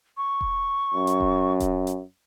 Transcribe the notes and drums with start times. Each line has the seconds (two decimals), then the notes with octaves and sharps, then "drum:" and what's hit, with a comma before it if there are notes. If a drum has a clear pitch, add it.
0.17 C#6
0.41 drum: kick E1
0.94 F#2
1.07 drum: hi-hat
1.20 drum: kick E1
1.60 drum: kick E1, hi-hat
1.87 drum: hi-hat